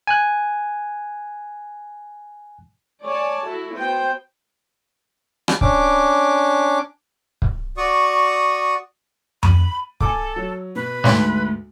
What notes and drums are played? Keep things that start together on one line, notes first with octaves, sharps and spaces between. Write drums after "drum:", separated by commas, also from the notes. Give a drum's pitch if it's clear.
G#5 F#6
C#5 D5 G#5 A5
E4 F#4 A4
B3 C5 G5
drum: rim click
C#4 D4 D6, drum: kick
drum: kick
F#4 D5 C#6 D#6
B5 D#7, drum: tom F2
A4 G#5 D6, drum: kick
F#3
B2 B4
D2 G#2, drum: snare